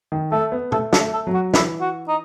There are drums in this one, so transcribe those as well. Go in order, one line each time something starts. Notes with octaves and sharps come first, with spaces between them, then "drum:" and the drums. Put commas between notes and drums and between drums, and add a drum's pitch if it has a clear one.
D#3
A3 A4
B3
A3 A4, drum: tom
A4, drum: snare
A3
A4
F#3
F#4
E3 E4, drum: snare
F#4
D#4